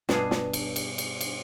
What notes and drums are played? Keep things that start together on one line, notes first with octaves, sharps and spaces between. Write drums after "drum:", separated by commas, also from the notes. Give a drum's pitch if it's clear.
G2 B2 D4 G#4 F5, drum: snare
drum: snare
drum: cymbal
drum: cymbal
drum: cymbal
drum: cymbal